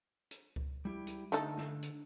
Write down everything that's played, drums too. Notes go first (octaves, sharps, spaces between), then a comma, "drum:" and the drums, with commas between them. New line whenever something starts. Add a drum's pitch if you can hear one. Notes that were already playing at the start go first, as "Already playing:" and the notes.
drum: hi-hat
drum: kick C#2
G3 E4 G4
drum: hi-hat
D3 A3 D#4 A4, drum: hi-hat
drum: snare
drum: hi-hat